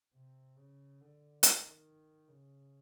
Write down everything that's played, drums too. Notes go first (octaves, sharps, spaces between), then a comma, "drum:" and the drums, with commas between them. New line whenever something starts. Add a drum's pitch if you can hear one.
C3
C#3
D3
D#3, drum: hi-hat
C#3